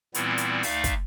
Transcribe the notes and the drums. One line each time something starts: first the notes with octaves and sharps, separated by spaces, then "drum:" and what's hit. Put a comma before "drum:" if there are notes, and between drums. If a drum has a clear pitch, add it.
A#2 E3 G3 B3 C4 E4, drum: hi-hat
drum: hi-hat
D2 A3 D#4 D5 E5 F5, drum: open hi-hat
drum: kick, hi-hat